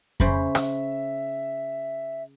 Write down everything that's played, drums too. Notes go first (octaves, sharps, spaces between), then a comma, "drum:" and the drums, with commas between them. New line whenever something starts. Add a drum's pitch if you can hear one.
C#3 C5 E5 B5, drum: kick F2
drum: rim click